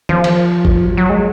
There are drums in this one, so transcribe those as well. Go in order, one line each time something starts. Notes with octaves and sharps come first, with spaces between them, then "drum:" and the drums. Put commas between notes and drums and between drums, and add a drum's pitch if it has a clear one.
F3, drum: tom
drum: cymbal
drum: kick G#1
F#3
F#3
G#3